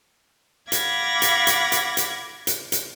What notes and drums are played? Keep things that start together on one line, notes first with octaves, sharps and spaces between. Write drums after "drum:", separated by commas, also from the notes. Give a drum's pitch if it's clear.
F5 F#5 B5 D6 G#6 A#6, drum: hi-hat
drum: hi-hat
drum: hi-hat
drum: hi-hat
drum: hi-hat
drum: hi-hat
drum: hi-hat